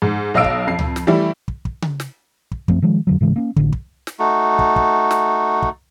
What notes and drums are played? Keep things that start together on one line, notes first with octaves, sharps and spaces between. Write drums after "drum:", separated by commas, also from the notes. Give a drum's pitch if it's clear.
G#2
B1 D#5 F5 E6 D7
drum: kick
F2 C7
drum: tom C#2
drum: snare
E3 G3 A3 E4
drum: kick
drum: kick
drum: tom C#3
drum: snare
drum: kick
F#2 F3 A3 C4, drum: kick
D#3 F3 G#3
F2 D3 F#3
G#2 C#3 E3 G#3
A#3 C#4
A1 D3, drum: kick
drum: kick
drum: snare
A3 D#4 F#4
drum: kick
drum: kick
drum: snare
drum: kick